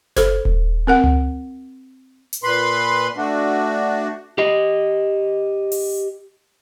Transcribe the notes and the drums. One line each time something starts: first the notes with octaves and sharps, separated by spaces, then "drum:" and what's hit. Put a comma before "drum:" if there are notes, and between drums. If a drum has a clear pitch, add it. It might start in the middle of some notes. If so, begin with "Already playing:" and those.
A4 C5, drum: snare F#1
drum: kick D#1
C4 A#4 F#5
drum: tom C#2
drum: hi-hat
A#2 B4 B5 C6
A3 D4 F#4
G4 D#5
drum: open hi-hat